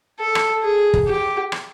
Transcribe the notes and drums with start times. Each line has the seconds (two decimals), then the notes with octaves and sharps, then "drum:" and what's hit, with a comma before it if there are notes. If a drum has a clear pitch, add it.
0.20 A4
0.35 drum: rim click
0.64 G#4
0.94 drum: kick
1.08 G4
1.52 drum: rim click